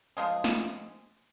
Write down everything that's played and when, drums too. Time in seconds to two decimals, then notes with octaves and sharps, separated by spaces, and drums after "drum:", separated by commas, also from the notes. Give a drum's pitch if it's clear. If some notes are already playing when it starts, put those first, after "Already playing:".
0.17 F3 G#3 G#4
0.44 drum: snare